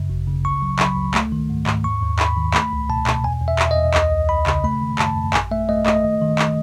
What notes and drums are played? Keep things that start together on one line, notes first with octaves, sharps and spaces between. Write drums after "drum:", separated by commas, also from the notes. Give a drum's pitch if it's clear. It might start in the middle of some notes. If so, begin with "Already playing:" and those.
Already playing: F#2 C#3
G#1
C#3
C#2 C#6
F#3
F#3 B5, drum: clap
C#2
A3, drum: clap
D#3
G#2
G#2, drum: clap
D#2 C#6
D#2
D#2 B5, drum: clap
D#3
A3 B5, drum: clap
C#2
B2 A5
B2, drum: clap
E2 G#5
E2
E5
E2, drum: clap
D#5
E2
C#2 D#5, drum: clap
C#2
C#2 B5
C#3, drum: clap
A3 B5
D#3
F#2 A5, drum: clap
F#2
A1 G#5, drum: clap
A3 E5
A3 D#5
A3 D#5, drum: clap
D#3
D#3
drum: clap